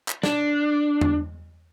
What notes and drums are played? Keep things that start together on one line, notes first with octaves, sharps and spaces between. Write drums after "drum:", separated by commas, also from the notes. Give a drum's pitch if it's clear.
drum: clap
D4, drum: snare
drum: tom E2